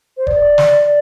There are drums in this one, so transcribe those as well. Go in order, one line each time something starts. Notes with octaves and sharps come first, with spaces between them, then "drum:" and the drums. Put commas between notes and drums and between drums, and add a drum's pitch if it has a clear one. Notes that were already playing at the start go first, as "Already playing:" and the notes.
C5
D5, drum: kick E1
drum: snare